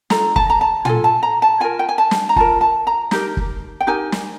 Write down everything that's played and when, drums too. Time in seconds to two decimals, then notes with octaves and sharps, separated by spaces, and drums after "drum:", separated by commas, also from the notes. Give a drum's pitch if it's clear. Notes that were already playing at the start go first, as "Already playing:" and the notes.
0.10 F4 A4 A#5, drum: snare
0.36 A5, drum: kick
0.50 A#5
0.61 A5
0.85 F4 A4 G#5, drum: tom
1.04 A5
1.23 A#5
1.42 A5
1.60 F4 A#4 G#5
1.79 G5
1.89 G#5
1.98 A5
2.11 drum: snare
2.29 A#5
2.36 F4 A#4 A5, drum: kick
2.61 A5
2.87 A#5
3.11 D#4 G4 A#4, drum: snare
3.37 drum: kick
3.80 G5
3.87 D#4 G4 A#4 G#5
4.12 drum: snare